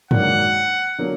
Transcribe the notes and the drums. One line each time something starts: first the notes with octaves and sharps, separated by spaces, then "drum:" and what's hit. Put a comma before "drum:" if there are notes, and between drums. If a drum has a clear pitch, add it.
G#2 D#3 F#3 A#3 D4 F#5, drum: tom G2
D3 F#3 A#3